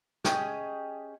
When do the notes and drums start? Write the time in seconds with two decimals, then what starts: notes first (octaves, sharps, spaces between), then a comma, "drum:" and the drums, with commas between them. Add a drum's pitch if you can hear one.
0.24 C#4 G4 G#4 D#5, drum: snare